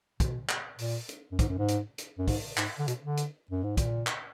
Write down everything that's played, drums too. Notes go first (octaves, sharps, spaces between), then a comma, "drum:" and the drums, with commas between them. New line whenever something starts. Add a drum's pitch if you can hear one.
B2, drum: kick, hi-hat
drum: clap
A#2, drum: open hi-hat
drum: hi-hat
F#2
G#2, drum: kick, hi-hat
F#2
G#2
drum: hi-hat
drum: hi-hat
F#2
G#2, drum: kick, open hi-hat
G#2, drum: clap
D3
B2, drum: hi-hat
D3
drum: hi-hat
F#2
G#2
A#2, drum: kick, hi-hat
drum: clap